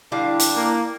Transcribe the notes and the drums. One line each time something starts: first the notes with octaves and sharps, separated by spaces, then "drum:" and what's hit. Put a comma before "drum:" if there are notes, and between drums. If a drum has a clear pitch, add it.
D3 G3 D4 E4 F5
drum: hi-hat
A#3